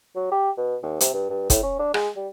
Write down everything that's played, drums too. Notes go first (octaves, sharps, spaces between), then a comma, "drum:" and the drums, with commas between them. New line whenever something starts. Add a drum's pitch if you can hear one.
F#3
G4
B2
D#2
C3, drum: hi-hat
G2
G2
A2, drum: kick, hi-hat
C#4
D4
G#3, drum: rim click
G3